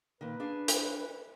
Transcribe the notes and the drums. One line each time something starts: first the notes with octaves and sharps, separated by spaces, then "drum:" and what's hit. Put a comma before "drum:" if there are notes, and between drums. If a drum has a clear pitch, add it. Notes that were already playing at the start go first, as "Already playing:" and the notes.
A#2 D#3 B4
D4 G#4 F5
drum: hi-hat